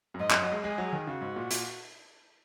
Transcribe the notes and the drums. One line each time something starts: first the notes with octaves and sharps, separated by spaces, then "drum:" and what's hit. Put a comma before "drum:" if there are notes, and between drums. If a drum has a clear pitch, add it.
F#2
G#2 D#5
F#2, drum: clap
F#3
G#3
G#3 G#4
F#3
D#3
C#3 F#4
G#2
A#2
A#2, drum: hi-hat